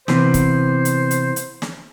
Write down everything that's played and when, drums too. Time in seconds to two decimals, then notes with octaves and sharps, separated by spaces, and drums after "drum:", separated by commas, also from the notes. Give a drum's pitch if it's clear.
0.08 C3 E3 B3 C5, drum: snare
0.34 drum: kick, hi-hat
0.85 drum: hi-hat
1.11 drum: hi-hat
1.36 drum: hi-hat
1.62 drum: snare